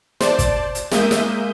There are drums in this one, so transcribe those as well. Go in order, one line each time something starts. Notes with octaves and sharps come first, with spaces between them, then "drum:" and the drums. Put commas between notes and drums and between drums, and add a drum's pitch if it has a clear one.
C5 D5 A5, drum: snare
drum: kick, hi-hat
drum: hi-hat
G#3 A#3 E5 D#6 G6, drum: snare
drum: snare